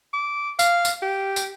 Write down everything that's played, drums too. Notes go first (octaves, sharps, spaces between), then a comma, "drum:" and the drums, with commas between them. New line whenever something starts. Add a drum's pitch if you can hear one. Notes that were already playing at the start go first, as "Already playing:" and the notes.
D6
F5, drum: tambourine
drum: tambourine
G4
drum: tambourine